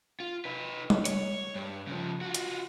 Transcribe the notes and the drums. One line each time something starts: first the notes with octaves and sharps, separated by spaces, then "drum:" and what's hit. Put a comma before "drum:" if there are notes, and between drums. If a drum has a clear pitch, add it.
F4
D#4 B4
drum: tom G3
C#5, drum: hi-hat
G2
C#3 F3
F4 F#4
drum: hi-hat